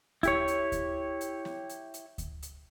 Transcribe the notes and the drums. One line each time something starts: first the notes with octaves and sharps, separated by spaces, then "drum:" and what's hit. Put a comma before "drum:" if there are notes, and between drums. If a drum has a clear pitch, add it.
E4 G4 C#5, drum: kick D2, hi-hat
drum: hi-hat
drum: kick D2, hi-hat
drum: hi-hat
drum: snare
drum: hi-hat
drum: hi-hat
drum: kick D2, hi-hat
drum: hi-hat